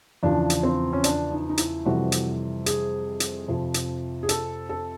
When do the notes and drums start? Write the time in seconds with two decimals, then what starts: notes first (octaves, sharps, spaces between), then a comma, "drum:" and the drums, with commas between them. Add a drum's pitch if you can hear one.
0.23 E2 C#3 F3 D4
0.50 drum: hi-hat
0.63 C4
0.93 C#4
1.04 D4, drum: hi-hat
1.31 D#4
1.49 D#4
1.58 E4, drum: hi-hat
1.85 F2 C3 E3 G3 F#4
2.12 drum: hi-hat
2.66 G#4, drum: hi-hat
3.20 drum: hi-hat
3.48 F2 C3 F3
3.74 drum: hi-hat
4.23 G#4
4.29 A4, drum: hi-hat
4.69 A4